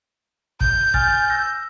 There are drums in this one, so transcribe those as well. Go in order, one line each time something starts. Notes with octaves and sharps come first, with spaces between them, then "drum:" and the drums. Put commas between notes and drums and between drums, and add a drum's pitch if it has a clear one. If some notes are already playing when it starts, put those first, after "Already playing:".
G6, drum: kick
G#5 F6 A6, drum: kick
E6 A#6